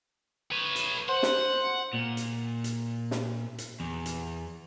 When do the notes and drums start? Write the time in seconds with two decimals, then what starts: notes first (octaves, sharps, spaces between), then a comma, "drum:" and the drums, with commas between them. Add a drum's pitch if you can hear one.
0.52 B4 C#5
0.76 drum: hi-hat
1.09 C5 F#5
1.23 drum: snare
1.94 A#2
2.17 drum: hi-hat
2.64 drum: hi-hat
3.11 drum: snare
3.58 drum: hi-hat
3.80 E2
4.06 drum: hi-hat